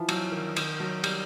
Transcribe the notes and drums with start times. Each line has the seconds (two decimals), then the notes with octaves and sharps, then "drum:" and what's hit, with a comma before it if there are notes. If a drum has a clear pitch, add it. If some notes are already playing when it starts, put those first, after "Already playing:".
Already playing: E3 F3
0.09 F#3, drum: cymbal
0.32 D#3
0.56 D#3, drum: cymbal
0.80 F#3
1.04 G3, drum: cymbal